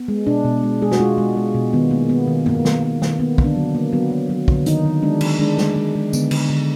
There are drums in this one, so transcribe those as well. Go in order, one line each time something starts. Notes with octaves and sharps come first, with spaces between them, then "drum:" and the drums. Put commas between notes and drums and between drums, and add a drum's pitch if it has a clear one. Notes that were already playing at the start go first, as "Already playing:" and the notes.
Already playing: B3
G#3
B2 D4
B2
G#3
G#3 G#4
F#4, drum: snare
G#3 F4
G#3
G#3
B2
D#3 B3
A#3
A#3 B3
D#3
A#3, drum: tom G2
D#3, drum: snare
A#3
D#3, drum: snare
A#3 B3
D3, drum: kick
D4
F#3
A#3
F#3 B3
A#3
F#3
D3, drum: kick
D#3 D#4, drum: hi-hat
D#3
G#3 D4
D#3, drum: cymbal
G#3 D4
G#3, drum: snare
G#3
G#3
D3 B3, drum: tambourine
D3, drum: cymbal
D3